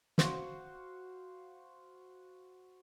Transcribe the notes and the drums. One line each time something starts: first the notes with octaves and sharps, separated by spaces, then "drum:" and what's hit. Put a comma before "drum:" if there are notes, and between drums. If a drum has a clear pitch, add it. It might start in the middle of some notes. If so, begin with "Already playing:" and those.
F#4 C5 F5, drum: snare